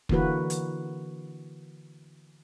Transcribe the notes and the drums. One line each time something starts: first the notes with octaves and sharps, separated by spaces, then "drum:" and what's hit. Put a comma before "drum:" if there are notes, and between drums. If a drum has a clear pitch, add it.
D3 E3 A#3 F#4 B4, drum: kick
drum: hi-hat